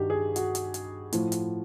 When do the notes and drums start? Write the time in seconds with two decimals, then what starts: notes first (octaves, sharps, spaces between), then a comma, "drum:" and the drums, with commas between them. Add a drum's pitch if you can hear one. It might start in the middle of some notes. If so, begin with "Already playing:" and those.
Already playing: G2 D#3 G3 F#4 G4
0.10 G#4
0.36 F#4, drum: hi-hat
0.55 drum: hi-hat
0.74 drum: hi-hat
1.13 A2 F3, drum: hi-hat
1.32 drum: hi-hat